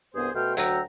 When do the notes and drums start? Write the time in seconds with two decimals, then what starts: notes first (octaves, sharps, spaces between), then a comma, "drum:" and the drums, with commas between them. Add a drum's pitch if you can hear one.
0.15 C2 G2 B3 G#4 C5 D#6
0.35 B2 A3 F#4 C5 G5 F6
0.57 D2 F#3 F#5 G5 A#5 E6, drum: hi-hat